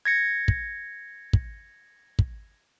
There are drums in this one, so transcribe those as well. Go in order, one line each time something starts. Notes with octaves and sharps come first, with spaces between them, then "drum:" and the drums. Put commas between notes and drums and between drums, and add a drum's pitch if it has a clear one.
G#6 A#6 C#7
drum: kick
drum: kick
drum: kick